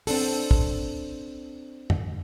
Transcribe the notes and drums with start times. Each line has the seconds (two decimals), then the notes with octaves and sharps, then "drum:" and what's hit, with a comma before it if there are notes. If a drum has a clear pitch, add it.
0.07 C4 D4 A4, drum: open hi-hat
0.51 drum: kick
1.90 drum: tom F2